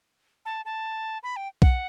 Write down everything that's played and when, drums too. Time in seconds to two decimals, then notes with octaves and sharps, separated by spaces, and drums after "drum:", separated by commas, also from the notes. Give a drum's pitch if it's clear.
0.46 A5
0.65 A5
1.23 B5
1.36 G5
1.62 F#5, drum: kick B1